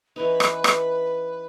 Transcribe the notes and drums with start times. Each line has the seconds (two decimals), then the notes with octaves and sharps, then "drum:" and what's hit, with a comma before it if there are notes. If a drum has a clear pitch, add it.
0.16 E3 C#4 D#4 B4
0.40 drum: rim click
0.64 drum: rim click